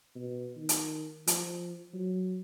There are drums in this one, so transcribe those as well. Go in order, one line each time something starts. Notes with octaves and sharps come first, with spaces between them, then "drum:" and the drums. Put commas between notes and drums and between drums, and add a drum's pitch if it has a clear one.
B2
D#3
drum: hi-hat
F3, drum: hi-hat
F#3